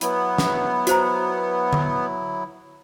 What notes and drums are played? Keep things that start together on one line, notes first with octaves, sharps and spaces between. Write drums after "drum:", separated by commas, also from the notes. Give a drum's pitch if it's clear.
F#3 B3 E4, drum: hi-hat
drum: snare
F#4 C5 A#5, drum: hi-hat
drum: tom D3